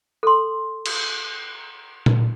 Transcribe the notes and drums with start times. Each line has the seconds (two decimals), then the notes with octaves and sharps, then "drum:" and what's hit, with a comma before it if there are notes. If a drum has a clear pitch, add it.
0.23 A4 C6
0.86 drum: cymbal
2.06 drum: tom A#2